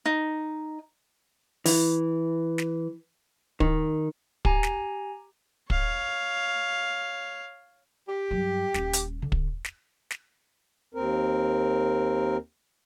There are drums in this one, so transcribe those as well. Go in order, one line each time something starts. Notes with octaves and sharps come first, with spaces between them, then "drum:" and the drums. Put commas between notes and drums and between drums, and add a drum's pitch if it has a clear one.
D#4
E3, drum: open hi-hat
drum: snare
D#3, drum: kick
G4 G#5 A#5, drum: kick
drum: snare
C#5 F5, drum: kick
G4
G2 F#3
D#1 C#4, drum: snare
drum: hi-hat
D3
drum: kick
drum: snare
drum: snare
D#2 C4 A#4